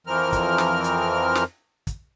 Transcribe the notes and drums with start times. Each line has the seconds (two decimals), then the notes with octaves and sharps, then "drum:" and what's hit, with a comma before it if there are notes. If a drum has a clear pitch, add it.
0.07 F2 E3 F3 C4 A#4 F6
0.33 drum: kick, hi-hat
0.58 drum: snare
0.84 drum: hi-hat
1.35 drum: snare
1.87 drum: kick, hi-hat